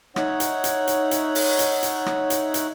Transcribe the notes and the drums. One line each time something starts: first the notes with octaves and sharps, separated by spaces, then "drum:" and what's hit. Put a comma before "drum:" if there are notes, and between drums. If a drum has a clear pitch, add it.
D#4 C#5 E5 F#5, drum: rim click
drum: hi-hat
drum: hi-hat
drum: hi-hat
drum: hi-hat
drum: open hi-hat
drum: hi-hat
drum: hi-hat
drum: rim click
drum: hi-hat
drum: hi-hat